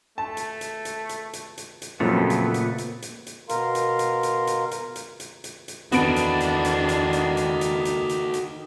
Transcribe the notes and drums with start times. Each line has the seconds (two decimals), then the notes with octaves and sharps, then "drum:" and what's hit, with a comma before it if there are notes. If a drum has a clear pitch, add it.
0.18 A3 A5
0.37 drum: hi-hat
0.61 drum: hi-hat
0.85 drum: hi-hat
1.09 drum: hi-hat
1.33 drum: hi-hat
1.58 drum: hi-hat
1.82 drum: hi-hat
2.00 F2 A#2 C#3 F#3 A3 B3
2.30 drum: hi-hat
2.54 drum: hi-hat
2.78 drum: hi-hat
3.02 drum: hi-hat
3.27 drum: hi-hat
3.49 B2 A#4 F5 C6, drum: hi-hat
3.75 drum: hi-hat
3.99 drum: hi-hat
4.23 drum: hi-hat
4.47 drum: hi-hat
4.71 drum: hi-hat
4.96 drum: hi-hat
5.20 drum: hi-hat
5.44 drum: hi-hat
5.68 drum: hi-hat
5.92 E2 D#3 B3 D4 F#4 A4 D7, drum: hi-hat
6.16 drum: hi-hat
6.40 drum: hi-hat
6.65 drum: hi-hat
6.89 drum: hi-hat
7.13 drum: hi-hat
7.37 drum: hi-hat
7.61 drum: hi-hat
7.85 drum: hi-hat
8.09 drum: hi-hat
8.34 drum: hi-hat